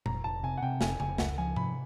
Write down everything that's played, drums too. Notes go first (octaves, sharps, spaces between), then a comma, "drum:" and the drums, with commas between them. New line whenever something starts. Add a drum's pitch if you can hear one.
F1 A#5, drum: tom A#2
F1 A5
C3 G#5
F#5
C3 G5
F1 G#5, drum: snare
F1 G#5, drum: tom C#3
C#2 F#5, drum: snare
F3 G#5
C3 B5, drum: tom G#2